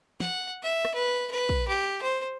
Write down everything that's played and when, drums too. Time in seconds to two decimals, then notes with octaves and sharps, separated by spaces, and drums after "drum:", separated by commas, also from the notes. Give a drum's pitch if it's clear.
0.20 F#5, drum: snare
0.63 E5
0.85 drum: rim click
0.95 B4
1.31 B4
1.49 drum: kick
1.68 G4
2.02 C5